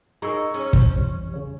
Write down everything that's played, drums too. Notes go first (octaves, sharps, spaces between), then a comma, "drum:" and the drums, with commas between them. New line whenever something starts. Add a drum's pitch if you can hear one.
D#4 G#4 A#4 A#5 C#6 E6
C#4
C5, drum: kick
F2 E3 G3
C#3 C#5